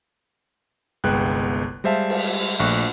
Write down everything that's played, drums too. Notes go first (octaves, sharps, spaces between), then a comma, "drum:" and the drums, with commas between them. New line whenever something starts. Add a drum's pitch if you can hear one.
G1 C2 G#3 B3 G5 F#6
G3 G#3 C5 E5 F5 A5
drum: cymbal
A#1 A3 C#6 F#6